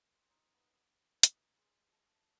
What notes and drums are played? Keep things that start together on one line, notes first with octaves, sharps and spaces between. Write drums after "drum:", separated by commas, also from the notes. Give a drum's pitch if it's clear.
C5
D#4
B3
D#4, drum: hi-hat
G#3
A5